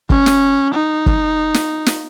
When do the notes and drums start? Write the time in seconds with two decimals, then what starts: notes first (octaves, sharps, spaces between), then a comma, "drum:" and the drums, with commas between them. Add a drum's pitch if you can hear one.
0.10 C#4, drum: kick
0.26 drum: snare
0.74 D#4
1.06 drum: kick
1.54 drum: snare
1.86 drum: snare